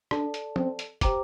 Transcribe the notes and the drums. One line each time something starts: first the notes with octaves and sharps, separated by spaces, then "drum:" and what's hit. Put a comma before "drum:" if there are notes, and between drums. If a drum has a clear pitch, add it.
D4 A4 D5 A5, drum: rim click
drum: hi-hat
C4, drum: tom
drum: hi-hat
G4 C5 G5 A#5 D6, drum: kick, hi-hat